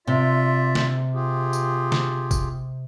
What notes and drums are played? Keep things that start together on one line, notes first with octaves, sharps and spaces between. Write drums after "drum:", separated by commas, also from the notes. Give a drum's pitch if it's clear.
C3 F4 D5 E5
drum: snare
F4 G4 G#4
drum: tambourine
drum: snare
drum: kick G1, tambourine